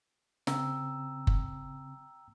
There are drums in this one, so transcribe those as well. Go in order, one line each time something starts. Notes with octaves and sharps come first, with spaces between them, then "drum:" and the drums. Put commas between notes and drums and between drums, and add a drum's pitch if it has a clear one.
C#3 C4 G5 A#5 E6, drum: snare
drum: kick F#1